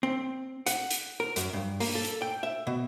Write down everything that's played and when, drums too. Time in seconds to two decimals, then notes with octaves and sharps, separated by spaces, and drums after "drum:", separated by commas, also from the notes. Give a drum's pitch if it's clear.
0.03 C4
0.66 F#5, drum: hi-hat
0.90 drum: hi-hat
1.20 A#4
1.36 F#2, drum: hi-hat
1.53 G2
1.80 A#3, drum: open hi-hat
1.95 A4
2.05 drum: hi-hat
2.22 G5
2.43 E5
2.67 B2